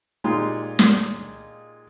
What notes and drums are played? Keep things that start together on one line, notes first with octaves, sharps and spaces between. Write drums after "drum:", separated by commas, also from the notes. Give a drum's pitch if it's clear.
A#2 G#3 D#4 F4 G4
drum: snare